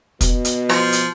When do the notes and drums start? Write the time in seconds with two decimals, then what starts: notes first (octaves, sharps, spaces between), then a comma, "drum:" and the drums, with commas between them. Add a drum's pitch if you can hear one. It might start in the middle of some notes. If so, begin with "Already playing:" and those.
0.21 B2, drum: kick, hi-hat
0.45 drum: hi-hat
0.69 F3, drum: rim click
0.93 drum: hi-hat